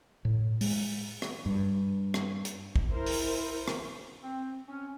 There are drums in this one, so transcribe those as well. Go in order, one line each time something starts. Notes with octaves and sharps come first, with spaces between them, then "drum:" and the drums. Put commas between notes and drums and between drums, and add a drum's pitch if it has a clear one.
A2
G#3, drum: open hi-hat
drum: rim click
G2
drum: rim click
drum: hi-hat
drum: kick
E4 A#4 C5
drum: open hi-hat
drum: rim click
C4
C#4